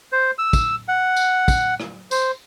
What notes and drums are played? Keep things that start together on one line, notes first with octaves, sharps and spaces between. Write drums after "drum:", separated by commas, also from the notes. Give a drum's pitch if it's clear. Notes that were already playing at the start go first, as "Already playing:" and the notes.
C5
E6
drum: kick, tambourine
F#5
drum: tambourine
drum: kick, tambourine
drum: rim click
C5, drum: tambourine